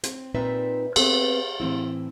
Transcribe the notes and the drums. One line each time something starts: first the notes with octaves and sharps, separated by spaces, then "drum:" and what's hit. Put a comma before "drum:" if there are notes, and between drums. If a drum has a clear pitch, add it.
C4, drum: hi-hat
A#2 C4 D#4 B4 D5 E5
B3 C4 G#4 A4 B4 C5, drum: cymbal
A2 E3 C4 E4